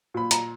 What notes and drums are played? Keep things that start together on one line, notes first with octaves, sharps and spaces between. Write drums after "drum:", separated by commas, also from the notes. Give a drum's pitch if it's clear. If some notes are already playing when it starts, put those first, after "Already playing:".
A#2 B5
A#5, drum: hi-hat